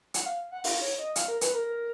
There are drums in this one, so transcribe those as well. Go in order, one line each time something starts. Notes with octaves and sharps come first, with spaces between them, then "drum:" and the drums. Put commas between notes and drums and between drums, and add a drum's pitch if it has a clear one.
F#5, drum: hi-hat
F5
F#5
F5, drum: open hi-hat
C#5
D#5
F5, drum: hi-hat
A#4
B4, drum: hi-hat
A#4